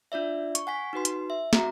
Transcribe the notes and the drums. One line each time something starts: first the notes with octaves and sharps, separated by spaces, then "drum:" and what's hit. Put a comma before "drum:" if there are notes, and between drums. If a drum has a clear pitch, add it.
D4 F4 D5 E5
C#6, drum: hi-hat
F#5 G#5 B6
D#4 F#4 B4 C6
drum: hi-hat
E5
C4 F#4 A#5, drum: snare